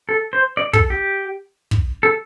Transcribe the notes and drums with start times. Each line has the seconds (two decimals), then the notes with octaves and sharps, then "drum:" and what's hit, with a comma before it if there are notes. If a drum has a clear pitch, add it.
0.09 A4
0.33 C5
0.57 D5
0.73 A4, drum: kick
0.90 G4
1.71 drum: kick
2.03 A4